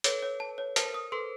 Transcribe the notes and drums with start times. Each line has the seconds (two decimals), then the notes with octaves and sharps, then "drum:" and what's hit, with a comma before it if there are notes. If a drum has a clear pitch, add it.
0.04 A4 B4 C#5, drum: hi-hat
0.22 C#5
0.40 A5
0.58 C#5
0.76 A#4 C5 A5, drum: hi-hat
0.94 D#6
1.12 A4 B4 C6